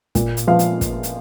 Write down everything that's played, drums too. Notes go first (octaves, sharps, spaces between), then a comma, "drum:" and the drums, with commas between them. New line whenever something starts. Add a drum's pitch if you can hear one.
A#2, drum: kick, hi-hat
drum: hi-hat
F3 F5
drum: hi-hat
drum: kick, hi-hat
drum: hi-hat